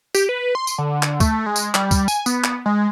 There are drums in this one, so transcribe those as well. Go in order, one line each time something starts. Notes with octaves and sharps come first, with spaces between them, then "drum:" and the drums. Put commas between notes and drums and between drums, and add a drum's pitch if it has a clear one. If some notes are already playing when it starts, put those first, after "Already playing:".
G4, drum: tambourine
B4
C6
drum: tambourine
D3
drum: clap
A3, drum: kick, tambourine
G#3
drum: tambourine
G3, drum: clap
drum: kick, tambourine
G#5, drum: tambourine
B3, drum: tambourine
drum: clap
G#3